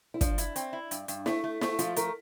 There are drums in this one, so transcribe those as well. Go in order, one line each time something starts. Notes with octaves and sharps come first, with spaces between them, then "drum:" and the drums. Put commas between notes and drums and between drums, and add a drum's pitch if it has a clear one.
E4
F3 D4, drum: kick, hi-hat
E4, drum: hi-hat
C4, drum: hi-hat
E4
G2, drum: hi-hat
G2, drum: hi-hat
A3 E4, drum: snare
A3
A3, drum: snare
F3 F4, drum: hi-hat
A3 A#4, drum: hi-hat